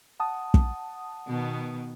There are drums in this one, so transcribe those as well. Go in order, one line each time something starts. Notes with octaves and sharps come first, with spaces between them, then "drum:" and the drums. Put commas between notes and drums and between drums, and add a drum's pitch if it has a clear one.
F#5 A5 D#6
drum: kick
B2 D#3 B3